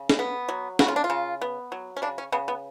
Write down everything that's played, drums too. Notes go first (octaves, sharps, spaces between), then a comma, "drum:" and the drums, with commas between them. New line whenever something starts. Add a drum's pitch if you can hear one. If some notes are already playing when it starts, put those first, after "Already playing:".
Already playing: C#3
drum: snare
B3
F#3
C#3 F#4, drum: snare
F4
D4
F4
C#3
B3
F#3
C#4
C#3 D4
C#4
C#3 B3
B3